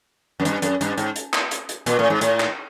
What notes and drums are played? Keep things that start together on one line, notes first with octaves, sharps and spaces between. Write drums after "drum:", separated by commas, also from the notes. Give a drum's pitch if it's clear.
F#2
G2, drum: hi-hat
F#2, drum: hi-hat
G2, drum: hi-hat
G#2, drum: hi-hat
drum: hi-hat
drum: clap
drum: hi-hat
drum: hi-hat
A#2, drum: hi-hat
A2
G#2
A2, drum: hi-hat
drum: clap